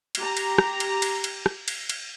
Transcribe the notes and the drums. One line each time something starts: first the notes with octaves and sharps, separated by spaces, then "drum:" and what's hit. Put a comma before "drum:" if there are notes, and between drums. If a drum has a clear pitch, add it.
G4 A#5, drum: cymbal
drum: cymbal
drum: rim click
drum: cymbal
drum: cymbal
drum: cymbal
drum: rim click
drum: cymbal
drum: cymbal